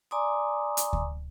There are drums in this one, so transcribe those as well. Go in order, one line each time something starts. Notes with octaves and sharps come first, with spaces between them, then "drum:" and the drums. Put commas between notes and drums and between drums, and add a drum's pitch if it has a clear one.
D5 G#5 A#5 C6 D6 D#6
drum: hi-hat
drum: kick D2